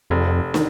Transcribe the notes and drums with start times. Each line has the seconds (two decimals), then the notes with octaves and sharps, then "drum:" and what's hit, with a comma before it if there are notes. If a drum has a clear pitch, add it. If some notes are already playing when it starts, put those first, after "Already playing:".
0.10 F1 F2
0.54 D#3, drum: snare